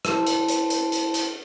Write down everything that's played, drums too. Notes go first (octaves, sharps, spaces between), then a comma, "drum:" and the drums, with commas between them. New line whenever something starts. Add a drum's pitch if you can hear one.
E4 A4 C5 A5 C6, drum: rim click
drum: hi-hat
drum: hi-hat
drum: hi-hat
drum: hi-hat
drum: hi-hat